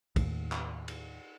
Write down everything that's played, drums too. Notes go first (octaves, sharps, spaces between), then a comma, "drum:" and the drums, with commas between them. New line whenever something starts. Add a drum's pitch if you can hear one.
D#2 A2, drum: kick, cymbal
drum: clap
drum: cymbal